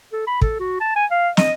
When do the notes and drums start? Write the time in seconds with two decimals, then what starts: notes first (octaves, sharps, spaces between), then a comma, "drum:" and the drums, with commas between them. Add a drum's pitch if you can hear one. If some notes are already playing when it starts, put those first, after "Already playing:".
0.13 A4
0.27 B5
0.42 A4, drum: kick
0.60 F#4
0.80 A5
0.96 G#5
1.11 F5
1.37 D#5, drum: snare